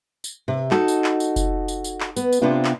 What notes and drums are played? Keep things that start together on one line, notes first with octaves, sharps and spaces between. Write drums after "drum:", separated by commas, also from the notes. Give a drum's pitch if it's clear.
drum: tambourine
C3
D#4 F#4 A4, drum: clap
drum: tambourine
drum: clap
drum: tambourine
drum: kick F1, tambourine
drum: tambourine
drum: tambourine
drum: clap
B3, drum: tambourine
drum: tambourine
C3 B3 C4 D4 F4
drum: clap